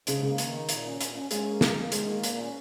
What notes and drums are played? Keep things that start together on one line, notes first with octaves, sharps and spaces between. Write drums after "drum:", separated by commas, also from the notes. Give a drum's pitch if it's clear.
G#2 C#3, drum: hi-hat
C#3 A#3
D#3, drum: hi-hat
D#4
A#2, drum: hi-hat
C#4
A#2, drum: hi-hat
C#4
G#3 C#4, drum: hi-hat
A#3
D#4, drum: snare
A#3
D#3 G#3, drum: hi-hat
A#3
A#2, drum: hi-hat
C#4